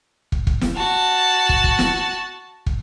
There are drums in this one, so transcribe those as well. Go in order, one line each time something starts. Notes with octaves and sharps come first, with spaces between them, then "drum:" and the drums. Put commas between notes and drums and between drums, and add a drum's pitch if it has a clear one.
drum: kick
drum: kick
drum: snare
F#4 A5
drum: kick
drum: kick
drum: snare
drum: kick